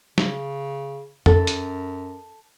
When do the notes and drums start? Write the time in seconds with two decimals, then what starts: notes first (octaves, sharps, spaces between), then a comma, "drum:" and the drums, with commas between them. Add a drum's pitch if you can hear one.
0.18 C#3, drum: snare
1.26 F#2 A4, drum: tom
1.47 drum: hi-hat